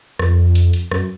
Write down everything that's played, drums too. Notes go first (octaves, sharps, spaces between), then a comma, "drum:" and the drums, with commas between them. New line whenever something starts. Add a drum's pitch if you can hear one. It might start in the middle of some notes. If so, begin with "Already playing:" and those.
F2, drum: rim click
drum: hi-hat
drum: hi-hat
F#2, drum: rim click